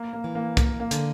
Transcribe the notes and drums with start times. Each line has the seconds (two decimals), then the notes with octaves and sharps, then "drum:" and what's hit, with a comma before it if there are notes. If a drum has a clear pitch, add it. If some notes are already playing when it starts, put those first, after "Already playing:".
Already playing: A#3
0.13 A#3
0.24 E3
0.35 A#3
0.57 A#3, drum: kick, hi-hat
0.80 A#3
0.91 D3, drum: hi-hat